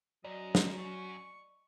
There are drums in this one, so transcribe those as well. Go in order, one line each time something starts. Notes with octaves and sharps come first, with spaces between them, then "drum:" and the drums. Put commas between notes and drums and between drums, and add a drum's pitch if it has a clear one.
F#2 F#3 D5 D#5
drum: snare
C#6